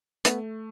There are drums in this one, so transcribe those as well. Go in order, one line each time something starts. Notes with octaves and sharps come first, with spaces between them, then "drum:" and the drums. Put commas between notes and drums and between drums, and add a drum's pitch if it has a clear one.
A3 B3, drum: hi-hat